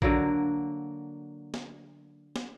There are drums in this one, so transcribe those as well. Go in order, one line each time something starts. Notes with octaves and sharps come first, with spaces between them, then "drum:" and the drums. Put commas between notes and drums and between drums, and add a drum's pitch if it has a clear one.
D3 F#3 A#3, drum: kick A1
drum: snare
drum: snare